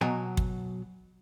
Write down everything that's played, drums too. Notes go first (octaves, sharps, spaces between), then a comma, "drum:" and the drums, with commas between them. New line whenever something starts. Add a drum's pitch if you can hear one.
B2 F#3 G5 G#5 A#5
drum: kick